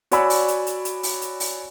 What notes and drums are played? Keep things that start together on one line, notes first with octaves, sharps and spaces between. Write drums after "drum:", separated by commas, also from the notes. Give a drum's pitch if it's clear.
F#4 C#5 D5 G#5 B5 E6, drum: hi-hat
drum: open hi-hat
drum: hi-hat
drum: hi-hat
drum: hi-hat
drum: open hi-hat
drum: hi-hat
drum: open hi-hat